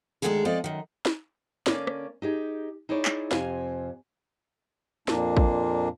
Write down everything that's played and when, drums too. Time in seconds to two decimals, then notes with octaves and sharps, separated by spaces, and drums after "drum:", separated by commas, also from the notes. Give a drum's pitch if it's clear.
0.22 D2 A2 D#3 G#3 G#4 A4
0.45 F3 C4 A4 D5 D#5
0.64 F#2 D#3
1.06 drum: snare
1.66 D3 A#3 C#4 A#4 D5, drum: snare
1.87 drum: rim click
2.22 D#4 G4 G#4
2.89 D#4 E4 G#4 C#5 D5
3.05 drum: clap
3.31 F2 C3 F5 G#5, drum: snare
5.08 F2 A#2 A#3 D4, drum: snare
5.37 drum: kick